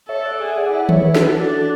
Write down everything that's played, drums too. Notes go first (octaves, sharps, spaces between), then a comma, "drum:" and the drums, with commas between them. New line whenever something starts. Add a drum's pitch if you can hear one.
A4 C#5 E5
E5
D5 F#5
G#4 E5 G#5
D5 F#5
E4
A4 C#5, drum: tom D#3
G#4 B4
F#4 A4, drum: snare
F#4 A4
D4